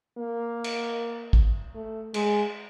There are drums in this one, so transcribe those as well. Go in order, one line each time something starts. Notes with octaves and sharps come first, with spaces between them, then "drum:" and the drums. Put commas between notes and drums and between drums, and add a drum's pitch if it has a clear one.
A#3
drum: cymbal
drum: kick
A3
G#3, drum: cymbal